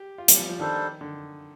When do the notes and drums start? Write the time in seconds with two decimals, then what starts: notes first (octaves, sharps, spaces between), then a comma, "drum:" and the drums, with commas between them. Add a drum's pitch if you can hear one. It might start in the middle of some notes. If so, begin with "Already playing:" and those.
Already playing: G4
0.18 F4
0.28 G3, drum: hi-hat
0.38 F3
0.49 F3
0.59 D#3 G3 D4 A4 C5
1.01 D3